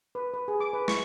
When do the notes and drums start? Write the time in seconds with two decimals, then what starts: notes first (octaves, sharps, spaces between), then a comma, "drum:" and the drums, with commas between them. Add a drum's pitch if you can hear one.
0.15 B4
0.34 B4
0.48 G#4
0.60 D6
0.73 B4
0.88 C#6, drum: snare